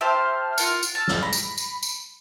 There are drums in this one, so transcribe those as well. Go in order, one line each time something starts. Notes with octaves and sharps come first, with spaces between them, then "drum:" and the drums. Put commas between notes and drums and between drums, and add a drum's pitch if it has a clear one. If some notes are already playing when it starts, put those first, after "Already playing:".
G4 C5 E5 A5 F6
F4 A#4 F#5, drum: tambourine
drum: tambourine
A5 E6 F6
drum: snare
A#5 B5
drum: tambourine
drum: tambourine
drum: tambourine